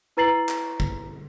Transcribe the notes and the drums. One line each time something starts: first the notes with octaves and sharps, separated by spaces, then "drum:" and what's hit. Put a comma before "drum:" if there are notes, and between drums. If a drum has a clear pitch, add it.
E4 B4 A#5 A6 C7 F#7
drum: clap
drum: kick